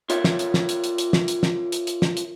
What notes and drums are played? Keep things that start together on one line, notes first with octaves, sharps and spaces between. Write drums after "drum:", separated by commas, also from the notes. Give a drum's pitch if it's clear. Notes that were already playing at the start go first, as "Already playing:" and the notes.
F4 A#4 C#5 E5, drum: hi-hat
drum: snare
drum: hi-hat
drum: snare
drum: hi-hat
drum: hi-hat
drum: hi-hat
drum: snare
drum: hi-hat
drum: snare
drum: hi-hat
drum: hi-hat
drum: snare
drum: hi-hat